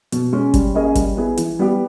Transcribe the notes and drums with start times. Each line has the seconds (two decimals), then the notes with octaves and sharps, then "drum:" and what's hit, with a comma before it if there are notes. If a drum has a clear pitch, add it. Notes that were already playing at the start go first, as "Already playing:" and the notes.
0.12 B2, drum: hi-hat
0.33 G#3 C#4
0.54 G3, drum: kick G1, hi-hat
0.74 A#3 C#4 G#4 D#5
0.95 G3, drum: kick G1, hi-hat
1.17 B3 E4 G#4
1.37 E3, drum: hi-hat
1.59 G3 B3 G4